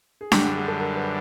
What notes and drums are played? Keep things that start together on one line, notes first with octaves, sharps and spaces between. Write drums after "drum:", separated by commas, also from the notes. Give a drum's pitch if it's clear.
G#4
F#2 D3 G3 G4, drum: snare D4
G#4
G#4
A4
A#4
B4